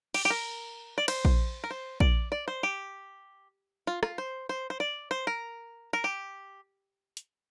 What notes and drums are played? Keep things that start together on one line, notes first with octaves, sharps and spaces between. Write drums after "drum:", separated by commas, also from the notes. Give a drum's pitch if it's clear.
G4, drum: cymbal
G4
A#4
D5
C5, drum: cymbal
drum: kick A#1
A#4
C5
D5, drum: kick A#1
D5
C5
G4
F4
F4, drum: rim click
C5
C5
C5
D5
C5
A#4
A#4
G4
drum: hi-hat